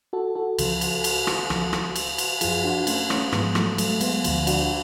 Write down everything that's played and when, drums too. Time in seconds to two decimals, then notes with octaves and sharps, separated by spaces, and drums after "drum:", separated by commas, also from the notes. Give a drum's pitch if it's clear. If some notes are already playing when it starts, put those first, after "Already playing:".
0.13 F#4 A4
0.35 F#4 A4
0.58 C#2 C#3 F3, drum: cymbal
0.81 drum: cymbal
1.04 drum: cymbal
1.27 drum: rim click
1.50 C#2 C#3 F3, drum: rim click
1.73 drum: rim click
1.96 drum: cymbal
2.18 drum: cymbal
2.41 F#2 F3 F4 G#4, drum: cymbal
2.64 D4 F#4
2.87 A3 C#4, drum: cymbal
3.10 A3 C#4, drum: rim click
3.32 G#2 F3 G#3 B3, drum: rim click
3.55 F#3 A3, drum: rim click
3.78 F#3 A3, drum: cymbal
3.90 A3
4.01 G#3 B3, drum: cymbal
4.24 D2 D3 F3, drum: cymbal
4.47 D4 F#4, drum: cymbal
4.63 F#4